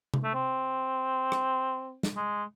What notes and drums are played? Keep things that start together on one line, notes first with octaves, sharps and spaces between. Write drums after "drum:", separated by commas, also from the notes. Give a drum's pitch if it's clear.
drum: tom C3
A3
C4
drum: rim click
drum: snare
G#3